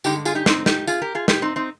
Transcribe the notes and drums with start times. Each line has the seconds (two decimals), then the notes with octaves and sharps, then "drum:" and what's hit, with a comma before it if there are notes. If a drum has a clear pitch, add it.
0.04 G2 D3 G#3 D#4 G4, drum: tambourine
0.25 F4 G#4, drum: tambourine
0.35 D#4 G4
0.46 C4 D#4, drum: snare
0.66 D#4 G4, drum: snare
0.87 F4 G#4, drum: tambourine
1.02 G4 A#4
1.15 F4 G#4
1.28 D#4 G4, drum: snare
1.42 C4 D#4
1.56 C4 D#4